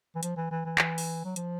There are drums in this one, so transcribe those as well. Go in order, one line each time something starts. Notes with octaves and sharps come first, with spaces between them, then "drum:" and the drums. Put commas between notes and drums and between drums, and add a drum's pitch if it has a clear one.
E3
F3, drum: hi-hat
E3
E3
E3
E3, drum: clap
drum: open hi-hat
F#3
F3, drum: hi-hat